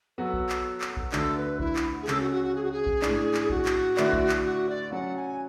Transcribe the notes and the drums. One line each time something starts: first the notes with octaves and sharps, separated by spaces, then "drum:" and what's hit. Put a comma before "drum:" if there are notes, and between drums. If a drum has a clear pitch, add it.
F#3 B3 F#4 A4
drum: kick A#1
drum: clap
drum: clap
drum: kick A#1
D2 D3 A3 D4 F#4 A4, drum: clap
B4
E4, drum: kick A#1
drum: clap
G#4
C#2 C#3 G#3 C#4 A4, drum: clap
F#4
F#4
F#4
G#4
F#4
G#4
drum: kick A#1
A2 G#3 D4, drum: clap
drum: clap
F#4, drum: kick A#1
drum: clap
D3 A3 E4 B4 D5, drum: clap
drum: kick A#1
drum: clap
F#4
D5
F#3 C#4 F#4 F#5
G#5